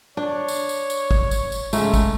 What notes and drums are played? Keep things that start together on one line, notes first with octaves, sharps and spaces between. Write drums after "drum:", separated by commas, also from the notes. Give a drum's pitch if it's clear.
D4 C#5
drum: tambourine
drum: tambourine
drum: tambourine
drum: kick
drum: tambourine
drum: tambourine
G#2 C#3 A3 E5, drum: tambourine
drum: kick, tambourine